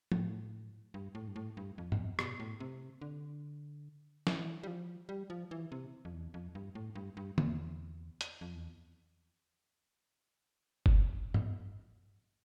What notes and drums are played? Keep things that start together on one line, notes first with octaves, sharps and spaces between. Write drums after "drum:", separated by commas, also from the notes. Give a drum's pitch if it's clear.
A2, drum: tom
G2
A2
G2
A2
G2
F2
G2, drum: tom G2
F2
B2, drum: rim click
A2
C3
D3
E3, drum: snare
G3
F3
G3
F3
E3
C3
F2
E2
F2
G2
A2
G2
G2
E2, drum: tom D3
drum: hi-hat
F2
E2
drum: kick F#1
drum: tom G2